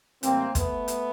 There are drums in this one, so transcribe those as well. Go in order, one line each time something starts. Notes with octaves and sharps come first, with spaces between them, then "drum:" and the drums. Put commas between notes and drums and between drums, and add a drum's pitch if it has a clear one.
A2 E3 G3 A#3 C4, drum: hi-hat
A3 B3, drum: kick, hi-hat
drum: hi-hat